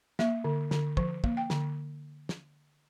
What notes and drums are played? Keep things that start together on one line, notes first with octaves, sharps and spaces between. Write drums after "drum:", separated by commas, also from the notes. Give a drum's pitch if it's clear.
A#3 E5, drum: snare
D3
D3, drum: snare
F3, drum: kick
A#3, drum: kick
G5
D3, drum: snare
drum: snare